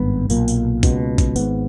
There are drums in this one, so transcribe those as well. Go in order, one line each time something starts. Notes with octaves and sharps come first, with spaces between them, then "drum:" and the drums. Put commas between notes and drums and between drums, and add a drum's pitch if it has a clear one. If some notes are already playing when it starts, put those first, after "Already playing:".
Already playing: G#1 G2 B3
B1 A#2 A#3, drum: tambourine
drum: tambourine
C#2 B2, drum: kick, tambourine
drum: kick, tambourine
G#1 G#2 B3, drum: tambourine